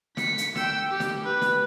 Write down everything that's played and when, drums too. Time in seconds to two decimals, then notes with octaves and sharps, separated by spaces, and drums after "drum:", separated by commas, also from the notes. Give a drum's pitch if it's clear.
0.17 B6 C#7, drum: snare
0.38 drum: hi-hat
0.56 G5 E6, drum: snare
0.91 G4
1.00 drum: snare
1.24 B4
1.41 drum: snare